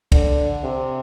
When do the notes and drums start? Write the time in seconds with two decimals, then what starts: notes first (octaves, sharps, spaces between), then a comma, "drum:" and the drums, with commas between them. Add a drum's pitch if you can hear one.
0.12 D3, drum: kick, cymbal
0.63 C3